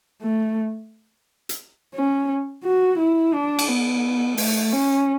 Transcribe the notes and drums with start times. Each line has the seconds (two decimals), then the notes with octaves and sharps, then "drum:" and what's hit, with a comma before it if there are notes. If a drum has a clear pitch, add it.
0.22 A3
1.49 drum: hi-hat
1.95 C#4
2.64 F#4
2.98 E4
3.33 D4
3.59 drum: cymbal
3.68 B3
4.37 A3, drum: open hi-hat
4.72 C#4